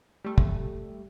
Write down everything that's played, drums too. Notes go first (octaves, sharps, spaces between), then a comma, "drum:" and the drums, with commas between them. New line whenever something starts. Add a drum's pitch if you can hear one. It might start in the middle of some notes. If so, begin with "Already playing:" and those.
G3 A3
drum: kick